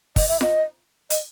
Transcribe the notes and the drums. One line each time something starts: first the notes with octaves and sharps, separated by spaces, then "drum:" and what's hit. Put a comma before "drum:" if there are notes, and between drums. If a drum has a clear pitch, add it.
D#5, drum: kick, open hi-hat
E5
D#5, drum: snare F4
D#5, drum: hi-hat